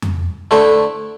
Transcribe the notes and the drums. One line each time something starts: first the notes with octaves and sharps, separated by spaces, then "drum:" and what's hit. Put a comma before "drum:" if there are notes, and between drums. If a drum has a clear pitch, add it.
drum: tom F2
D3 A3 E4 A4 C5